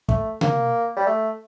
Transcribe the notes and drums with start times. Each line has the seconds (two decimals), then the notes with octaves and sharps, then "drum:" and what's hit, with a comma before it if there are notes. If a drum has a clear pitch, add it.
0.09 A3, drum: kick
0.41 A#3, drum: tom C3
0.97 G3
1.07 A3